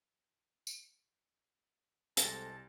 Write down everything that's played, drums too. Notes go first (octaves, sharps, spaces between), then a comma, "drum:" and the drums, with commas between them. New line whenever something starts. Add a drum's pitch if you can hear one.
drum: tambourine
C2 G#3 C4 A4 A5 A#6, drum: hi-hat